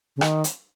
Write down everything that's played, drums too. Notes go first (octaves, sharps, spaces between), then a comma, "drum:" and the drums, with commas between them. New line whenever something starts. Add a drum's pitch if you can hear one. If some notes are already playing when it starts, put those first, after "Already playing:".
C#3
D#3, drum: rim click
drum: hi-hat